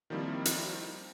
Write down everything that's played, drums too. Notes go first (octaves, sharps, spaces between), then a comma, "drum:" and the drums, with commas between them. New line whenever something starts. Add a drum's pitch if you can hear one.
D#3 F3 G3 A#3 C4 E4
drum: hi-hat